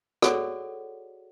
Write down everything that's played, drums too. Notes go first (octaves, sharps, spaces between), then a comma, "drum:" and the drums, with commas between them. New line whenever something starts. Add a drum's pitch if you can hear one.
F#4 G#4 A4 C#5 D5 F#5, drum: rim click